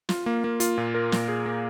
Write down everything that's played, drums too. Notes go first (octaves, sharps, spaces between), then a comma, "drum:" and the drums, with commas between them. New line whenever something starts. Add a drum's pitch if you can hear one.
F4, drum: snare
A#3
A#3
F4, drum: hi-hat
A#2
A#4
A#2, drum: snare
G#4
A#3